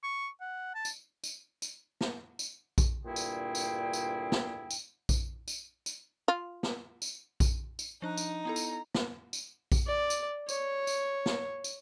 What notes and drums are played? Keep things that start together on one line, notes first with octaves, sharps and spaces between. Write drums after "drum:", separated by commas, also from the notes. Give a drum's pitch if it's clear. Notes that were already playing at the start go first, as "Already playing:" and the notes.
C#6
F#5
A5
drum: tambourine
drum: tambourine
drum: tambourine
drum: snare
drum: tambourine
drum: kick A#1, tambourine
D2 G2 A#2 E4 G#4 G5
drum: tambourine
drum: tambourine
drum: tambourine
drum: snare
drum: tambourine
drum: kick A#1, tambourine
drum: tambourine
drum: tambourine
F4
drum: snare
drum: tambourine
drum: kick A#1, tambourine
drum: tambourine
F3 D4 D#4 F#6
drum: tambourine
B3 E4 A4 A#5
drum: tambourine
drum: snare
drum: tambourine
drum: kick A#1, tambourine
D5
drum: tambourine
C#5, drum: tambourine
drum: tambourine
drum: snare
drum: tambourine